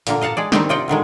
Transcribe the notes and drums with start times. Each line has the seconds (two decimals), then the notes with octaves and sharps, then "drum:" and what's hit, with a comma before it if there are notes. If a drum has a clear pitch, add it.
0.07 A#2 D3 A#3, drum: hi-hat
0.21 D#5 F5 F#5 A5 A#5
0.37 G#3 G#4 D5
0.52 D#3 G3 C4 D4 D#5 G5, drum: snare
0.69 C3 F4 D5 D#5 F#5 G5
0.88 A#2 D3 D#3 G#3